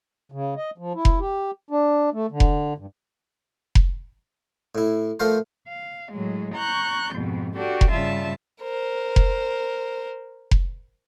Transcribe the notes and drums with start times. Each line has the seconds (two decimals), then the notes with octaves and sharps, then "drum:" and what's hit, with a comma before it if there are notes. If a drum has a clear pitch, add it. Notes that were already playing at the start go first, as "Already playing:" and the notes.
0.32 C#3
0.57 D#5
0.78 F3
0.95 E4
1.05 drum: kick F1
1.20 G4
1.70 D4
2.13 A3
2.31 D3
2.40 drum: kick F1
2.78 G2
3.75 drum: kick F1
4.75 A2 E4
5.20 F3 A3 F4 A#4 C5
5.68 F5
6.12 A2 F#3 G#3
6.55 A#5 C#6 F#6 G6
7.14 F2 G#2 B2
7.56 D4 F#4 G4 A4
7.81 drum: kick F1
7.91 G2 C#3 G3 F4 E5 A5
8.62 A#4 C5
9.16 drum: kick F1
10.51 drum: kick F1